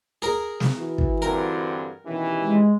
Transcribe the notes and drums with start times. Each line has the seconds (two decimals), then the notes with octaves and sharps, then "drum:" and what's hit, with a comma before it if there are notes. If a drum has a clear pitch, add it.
0.22 G#4 A#4
0.60 drum: snare
0.77 E3 F#4
0.98 drum: kick
1.22 G2 D3 C4 A#4
2.06 B2 D#3 E3 C#4 G4
2.42 G#3